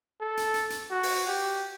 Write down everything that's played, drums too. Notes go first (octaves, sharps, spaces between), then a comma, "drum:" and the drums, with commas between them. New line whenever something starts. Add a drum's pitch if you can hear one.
A4
drum: hi-hat
drum: hi-hat
drum: hi-hat
F#4
drum: open hi-hat
G4